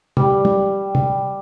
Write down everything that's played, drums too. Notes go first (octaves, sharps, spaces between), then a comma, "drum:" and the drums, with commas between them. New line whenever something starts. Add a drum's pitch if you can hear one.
G3, drum: tom
drum: tom
drum: tom